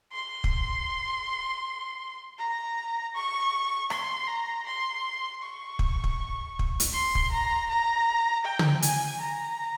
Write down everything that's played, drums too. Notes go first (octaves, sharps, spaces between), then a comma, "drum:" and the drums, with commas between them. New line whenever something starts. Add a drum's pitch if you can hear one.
C6
drum: kick
A#5
C#6
C6, drum: rim click
A#5
C6
C#6
drum: kick
drum: kick
drum: kick
drum: hi-hat
C6
drum: kick
A#5
A#5
G5
drum: tom
G#5, drum: hi-hat
A#5